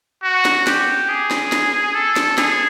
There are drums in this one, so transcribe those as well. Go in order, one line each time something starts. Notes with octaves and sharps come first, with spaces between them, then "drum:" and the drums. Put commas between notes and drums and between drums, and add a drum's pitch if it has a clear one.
F#4
drum: snare
G4, drum: snare
G#4
drum: snare
drum: snare
A4
drum: snare
G#4, drum: snare